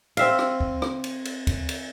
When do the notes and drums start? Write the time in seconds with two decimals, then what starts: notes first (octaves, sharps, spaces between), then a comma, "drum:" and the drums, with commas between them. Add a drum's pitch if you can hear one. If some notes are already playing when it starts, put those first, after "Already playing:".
0.17 C4 E5 F5, drum: cymbal
0.39 drum: rim click
0.60 drum: kick
0.82 drum: rim click
1.04 drum: cymbal
1.25 drum: cymbal
1.47 drum: kick, cymbal
1.69 drum: cymbal